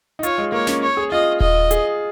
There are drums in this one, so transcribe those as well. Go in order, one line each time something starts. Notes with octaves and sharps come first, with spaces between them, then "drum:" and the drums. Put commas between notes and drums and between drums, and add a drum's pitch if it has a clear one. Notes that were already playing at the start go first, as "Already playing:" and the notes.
D#4
F4 C#5, drum: hi-hat
G#3
A#3 C#5
C#4, drum: snare
C#5
G#4
F4 D#5
D#5, drum: kick D#1
G#4, drum: hi-hat